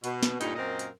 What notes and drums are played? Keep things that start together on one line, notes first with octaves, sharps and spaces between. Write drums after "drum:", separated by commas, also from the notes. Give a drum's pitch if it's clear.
B2, drum: hi-hat
drum: snare
D2 G2 A#2 D#4, drum: hi-hat
F#2 A#2 C4 A#4 D#5
drum: hi-hat